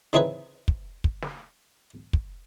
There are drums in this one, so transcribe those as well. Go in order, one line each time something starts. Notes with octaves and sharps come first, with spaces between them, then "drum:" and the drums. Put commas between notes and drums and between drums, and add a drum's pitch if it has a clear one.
C#3 C4 D#4 E4 G#4 B4
drum: kick
drum: kick
drum: snare
drum: kick